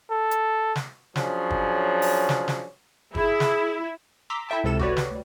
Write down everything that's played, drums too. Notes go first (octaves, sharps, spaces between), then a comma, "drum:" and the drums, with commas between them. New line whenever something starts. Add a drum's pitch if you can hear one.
A4
drum: hi-hat
drum: snare
F3 F#3 C#4 D4 G#4 C#5, drum: snare
drum: kick
drum: open hi-hat
drum: snare
drum: snare
E4 G#4, drum: kick
drum: snare
A#5 C6 D6 E6 B6
E4 A4 E5 G5 A5
C#2 C3 A4 E7
F#4 G4 B4 C#5 D5, drum: kick
drum: snare
D2 G3